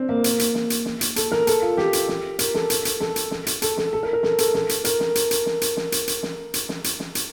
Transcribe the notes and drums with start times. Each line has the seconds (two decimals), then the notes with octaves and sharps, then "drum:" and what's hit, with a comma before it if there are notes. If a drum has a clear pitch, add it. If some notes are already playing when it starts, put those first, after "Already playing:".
Already playing: C4 D4
0.09 A#3
0.24 drum: hi-hat
0.39 drum: hi-hat
0.55 drum: snare
0.70 drum: hi-hat
0.85 drum: snare
1.01 drum: hi-hat
1.16 A4, drum: hi-hat
1.32 A#4, drum: snare
1.47 A4, drum: hi-hat
1.62 F4
1.77 G4, drum: snare
1.93 drum: hi-hat
2.08 drum: snare
2.39 A#4, drum: hi-hat
2.54 A4, drum: snare
2.70 drum: hi-hat
2.85 drum: hi-hat
3.00 A4, drum: snare
3.16 drum: hi-hat
3.31 drum: snare
3.47 drum: hi-hat
3.62 A4, drum: hi-hat
3.77 A4, drum: snare
3.93 A4
4.03 A#4
4.13 A#4
4.23 A4, drum: snare
4.38 A4, drum: hi-hat
4.54 A4, drum: snare
4.69 drum: hi-hat
4.85 A#4, drum: hi-hat
5.00 drum: snare
5.15 drum: hi-hat
5.31 drum: hi-hat
5.46 drum: snare
5.61 drum: hi-hat
5.77 drum: snare
5.92 drum: hi-hat
6.08 drum: hi-hat
6.23 drum: snare
6.54 drum: hi-hat
6.69 drum: snare
6.84 drum: hi-hat
7.00 drum: snare
7.15 drum: hi-hat